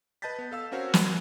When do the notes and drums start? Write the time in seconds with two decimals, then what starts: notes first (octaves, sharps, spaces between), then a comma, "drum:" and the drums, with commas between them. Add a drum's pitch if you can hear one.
0.22 B4 D#5 A5 G6 A6 B6
0.39 B3
0.51 A4 F5 E6
0.72 C4 C#4 F#4 A#4 C5 C#5
0.94 drum: snare